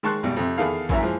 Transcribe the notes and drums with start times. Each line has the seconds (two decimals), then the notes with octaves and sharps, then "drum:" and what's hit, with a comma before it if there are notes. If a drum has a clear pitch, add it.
0.03 D#3 G#3 A5 C6 C#6 F#6
0.23 G#1 B2 G3
0.37 F2 C3
0.57 E2 D#3 G#4 A4 F5
0.89 F#2 E3 E5 A#5, drum: kick
1.03 E3 F3 G#3